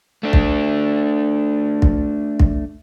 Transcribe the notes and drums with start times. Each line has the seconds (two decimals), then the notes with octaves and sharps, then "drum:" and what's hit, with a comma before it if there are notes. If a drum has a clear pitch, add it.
0.23 A3 D4
0.33 drum: kick
1.82 drum: kick
2.40 drum: kick